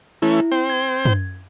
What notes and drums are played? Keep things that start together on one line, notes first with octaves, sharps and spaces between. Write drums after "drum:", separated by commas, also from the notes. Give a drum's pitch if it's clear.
E3 A3 C#4 E4
C4 C5 G5
G#6
drum: tom